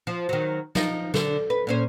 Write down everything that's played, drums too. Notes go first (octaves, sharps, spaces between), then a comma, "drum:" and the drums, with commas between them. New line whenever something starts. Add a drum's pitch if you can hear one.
F3
D#3 F#3
F3 D#4 D#5, drum: snare
D3, drum: snare
B4
A#2 C#4 C5